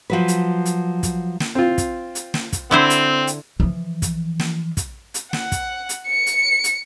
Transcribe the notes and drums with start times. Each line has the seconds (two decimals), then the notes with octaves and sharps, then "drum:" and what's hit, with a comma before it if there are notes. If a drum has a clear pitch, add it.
0.10 F3 F#3 B4
0.28 drum: hi-hat
0.65 drum: hi-hat
1.03 drum: kick, hi-hat
1.40 drum: snare
1.55 C4 F4
1.78 drum: kick, hi-hat
2.15 drum: hi-hat
2.34 drum: snare
2.52 drum: kick, hi-hat
2.71 D3 C4 E4 C5
2.90 drum: hi-hat
3.27 drum: hi-hat
3.60 E3 F3
4.02 drum: kick, hi-hat
4.39 drum: snare
4.77 drum: kick, hi-hat
5.14 drum: hi-hat
5.33 F#5, drum: snare
5.52 drum: kick, hi-hat
5.89 drum: hi-hat
6.07 C#7
6.26 drum: hi-hat
6.64 drum: hi-hat